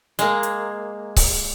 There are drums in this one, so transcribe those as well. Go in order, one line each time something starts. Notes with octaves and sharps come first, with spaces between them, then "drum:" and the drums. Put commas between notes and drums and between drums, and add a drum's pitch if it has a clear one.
G#3 A#3, drum: hi-hat
drum: hi-hat
drum: kick C#1, open hi-hat